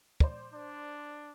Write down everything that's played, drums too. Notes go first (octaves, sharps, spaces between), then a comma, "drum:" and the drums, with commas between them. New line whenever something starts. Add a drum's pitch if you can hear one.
C5 D5, drum: kick
D4